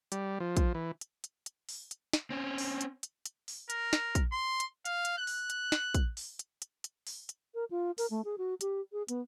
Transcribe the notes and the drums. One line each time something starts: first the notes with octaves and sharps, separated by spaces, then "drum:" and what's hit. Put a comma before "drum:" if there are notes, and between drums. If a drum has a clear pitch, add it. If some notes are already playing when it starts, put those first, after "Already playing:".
G3, drum: hi-hat
F3
drum: kick, hi-hat
E3
drum: hi-hat
drum: hi-hat
drum: hi-hat
drum: open hi-hat
drum: hi-hat
drum: snare
C4 C#4
drum: open hi-hat
drum: hi-hat
drum: hi-hat
drum: hi-hat
drum: open hi-hat
A#4, drum: hi-hat
drum: snare
drum: kick, hi-hat
C6
drum: hi-hat
F5, drum: hi-hat
drum: hi-hat
F#6
drum: open hi-hat
drum: hi-hat
drum: snare
drum: kick, hi-hat
drum: open hi-hat
drum: hi-hat
drum: hi-hat
drum: hi-hat
drum: open hi-hat
drum: hi-hat
A#4
F4
A#4, drum: open hi-hat
A3
G#4
F#4
G4, drum: hi-hat
G#4
B3, drum: hi-hat